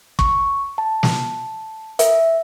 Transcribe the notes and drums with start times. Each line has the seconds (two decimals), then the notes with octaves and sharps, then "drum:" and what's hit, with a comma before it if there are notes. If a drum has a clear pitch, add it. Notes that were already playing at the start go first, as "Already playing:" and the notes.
0.19 C#6, drum: kick
0.78 A5
1.03 drum: snare
1.99 E5, drum: hi-hat